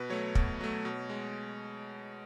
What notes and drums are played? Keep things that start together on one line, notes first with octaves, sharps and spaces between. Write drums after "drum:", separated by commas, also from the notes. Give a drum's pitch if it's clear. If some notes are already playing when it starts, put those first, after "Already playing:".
Already playing: B2 B4
F#3 A3 C#5
B2, drum: kick
F#3 A3
B2
G#3